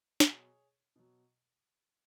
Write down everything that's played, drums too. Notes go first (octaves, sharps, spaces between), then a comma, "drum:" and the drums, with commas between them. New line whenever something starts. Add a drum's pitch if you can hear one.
B2 F#3 G#4 C#5, drum: snare
B2 F#3